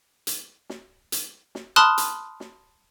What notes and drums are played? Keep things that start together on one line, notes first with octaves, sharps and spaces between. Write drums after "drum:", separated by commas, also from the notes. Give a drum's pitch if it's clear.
drum: hi-hat
drum: snare
drum: hi-hat
drum: snare
A5 B5 C6 D#6 F6 F#6
drum: hi-hat
drum: snare